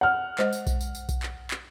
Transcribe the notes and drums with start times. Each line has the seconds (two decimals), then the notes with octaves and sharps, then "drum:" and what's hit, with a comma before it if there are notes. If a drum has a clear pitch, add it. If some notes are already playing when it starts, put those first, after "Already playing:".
0.01 F#5 F6
0.39 G#3 C5 D#5, drum: clap
0.53 drum: tambourine
0.67 drum: kick B1, tambourine
0.81 drum: tambourine
0.95 drum: tambourine
1.09 drum: kick B1, tambourine
1.23 drum: clap
1.51 drum: clap